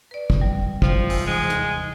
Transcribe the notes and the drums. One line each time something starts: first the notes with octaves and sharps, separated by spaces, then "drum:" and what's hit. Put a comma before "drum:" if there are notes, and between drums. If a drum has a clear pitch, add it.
B4 D5
drum: kick
G3
F3 G5, drum: kick
E2 C3 E3, drum: open hi-hat
D#2 G#3
drum: hi-hat